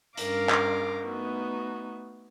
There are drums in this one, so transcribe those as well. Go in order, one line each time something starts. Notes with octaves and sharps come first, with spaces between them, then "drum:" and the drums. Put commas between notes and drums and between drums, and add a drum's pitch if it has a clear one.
G2 C#4 A#4 F5 D6 A#6, drum: hi-hat
drum: clap
A3 B3 D#4 F#4